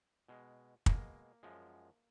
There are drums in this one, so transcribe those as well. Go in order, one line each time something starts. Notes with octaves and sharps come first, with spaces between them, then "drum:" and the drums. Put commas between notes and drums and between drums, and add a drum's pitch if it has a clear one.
B2 G#3
B2 G#3 A#3, drum: kick
F#2 F3 G#3